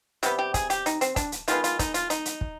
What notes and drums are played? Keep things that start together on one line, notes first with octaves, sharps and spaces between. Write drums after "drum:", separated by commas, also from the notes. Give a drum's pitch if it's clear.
C3 G3 B3 G4, drum: hi-hat
G4
G#4, drum: kick, hi-hat
G4, drum: hi-hat
D#4, drum: hi-hat
C4, drum: hi-hat
D4, drum: kick, hi-hat
drum: hi-hat
D#3 G#3 B3 F4, drum: hi-hat
F4, drum: hi-hat
D#4, drum: kick, hi-hat
F4, drum: hi-hat
D#4, drum: hi-hat
drum: hi-hat
drum: kick